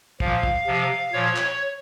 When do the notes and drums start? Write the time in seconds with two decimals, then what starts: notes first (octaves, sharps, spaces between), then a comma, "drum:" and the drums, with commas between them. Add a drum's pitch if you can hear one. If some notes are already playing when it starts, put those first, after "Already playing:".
0.20 A#2 F3 F5, drum: kick
0.43 drum: kick
0.67 C3 F3
1.12 A#2 F3 C#5
1.36 drum: clap